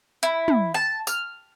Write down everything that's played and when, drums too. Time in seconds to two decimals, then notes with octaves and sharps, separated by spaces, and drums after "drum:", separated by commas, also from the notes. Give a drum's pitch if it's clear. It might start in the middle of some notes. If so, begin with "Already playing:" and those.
0.23 E4, drum: hi-hat
0.48 drum: tom
0.74 A5
1.07 F6, drum: tambourine